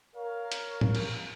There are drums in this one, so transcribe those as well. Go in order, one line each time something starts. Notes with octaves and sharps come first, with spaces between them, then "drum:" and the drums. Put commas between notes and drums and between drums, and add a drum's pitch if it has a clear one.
A#4 C#5 F5
drum: hi-hat
drum: tom
drum: cymbal